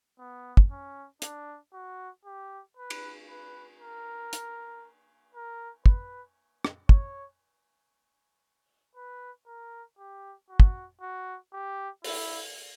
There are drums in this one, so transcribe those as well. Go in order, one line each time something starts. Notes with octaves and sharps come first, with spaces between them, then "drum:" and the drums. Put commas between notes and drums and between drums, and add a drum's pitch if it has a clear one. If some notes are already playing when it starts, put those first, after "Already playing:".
B3
drum: kick
C#4
D4, drum: hi-hat
F#4
G4
B4
drum: cymbal
B4
A#4
drum: hi-hat
A#4
B4, drum: kick
drum: rim click
C#5, drum: kick
B4
A#4
G4
F#4
drum: kick
F#4
G4
E4, drum: open hi-hat